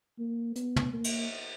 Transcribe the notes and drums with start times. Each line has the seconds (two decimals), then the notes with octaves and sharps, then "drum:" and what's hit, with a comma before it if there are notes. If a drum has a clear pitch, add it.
0.19 A#3
0.56 B3, drum: hi-hat
0.76 drum: tom
0.93 A#3
1.04 drum: cymbal